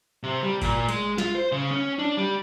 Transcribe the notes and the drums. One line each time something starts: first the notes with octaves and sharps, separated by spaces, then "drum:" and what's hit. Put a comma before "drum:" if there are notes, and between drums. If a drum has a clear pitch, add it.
C3
G3
A#2, drum: kick G#1, open hi-hat
G#3, drum: hi-hat
F4, drum: snare
C5
C#3
C#4
D4
G3